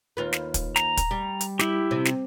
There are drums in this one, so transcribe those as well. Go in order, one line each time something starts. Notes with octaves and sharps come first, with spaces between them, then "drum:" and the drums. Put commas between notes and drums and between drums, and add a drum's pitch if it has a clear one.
D#2 F4 B4
drum: snare
drum: kick, hi-hat
A#5, drum: snare
drum: kick, hi-hat
G3
drum: hi-hat
E4 G4, drum: snare
C3
drum: snare